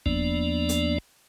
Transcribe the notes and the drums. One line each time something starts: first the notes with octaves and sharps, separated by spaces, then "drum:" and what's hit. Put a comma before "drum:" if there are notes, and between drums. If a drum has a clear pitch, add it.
E2 F3 A#3 B3 D4 D5, drum: kick
drum: hi-hat